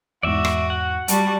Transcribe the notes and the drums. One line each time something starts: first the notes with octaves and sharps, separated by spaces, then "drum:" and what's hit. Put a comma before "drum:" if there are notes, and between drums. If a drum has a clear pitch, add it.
E2 G#2 F#4 D5 E5
drum: rim click
F#5
G3 F#4 A5, drum: hi-hat